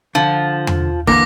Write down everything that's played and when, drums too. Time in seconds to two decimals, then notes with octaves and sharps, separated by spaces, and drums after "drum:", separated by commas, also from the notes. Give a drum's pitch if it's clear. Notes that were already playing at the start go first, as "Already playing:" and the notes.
0.15 D3 F3
0.67 drum: tom E2
1.07 D3 E3 A#3 D6 A#6, drum: kick